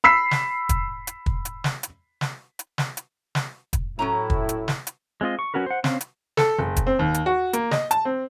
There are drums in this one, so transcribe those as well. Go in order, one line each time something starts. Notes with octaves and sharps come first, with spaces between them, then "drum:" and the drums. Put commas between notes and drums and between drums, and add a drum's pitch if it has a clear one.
B5 E6 B6 C7
drum: snare
drum: kick, hi-hat
drum: hi-hat
drum: kick
drum: hi-hat
drum: snare
drum: hi-hat
drum: snare
drum: hi-hat
drum: snare
drum: hi-hat
drum: snare
drum: kick, hi-hat
A2 F#3 C#4 E4 A#5
drum: kick
drum: hi-hat
drum: snare
drum: hi-hat
G#3 C4 F4 D#5
C#6
F#3 C#4 F#4 A#4 B4
C5 F#5
C4 C#4 F5, drum: snare
drum: hi-hat
A4, drum: snare
F#1
drum: kick, hi-hat
C4
D#2
drum: hi-hat
F#4
A#3, drum: hi-hat
D#5, drum: snare
A5, drum: hi-hat
C4